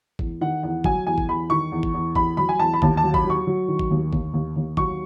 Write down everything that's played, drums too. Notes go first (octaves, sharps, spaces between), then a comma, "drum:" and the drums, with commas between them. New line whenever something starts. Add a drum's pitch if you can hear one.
E2, drum: kick
D#3 F#5
E2 F#5
F#3 G#5, drum: kick
E2 G#5
drum: kick
E2 B5
D#3 C#6
E2
drum: kick
E2
E2 B5, drum: kick
F#3 B5
G#5
E2 A5
B5
D#2 A5, drum: kick
A5
F#3
B5, drum: kick
F#3
C#6
F#3
D#3
drum: kick
D#2
D#2, drum: kick
D#2
D#2
F#3 C#6, drum: kick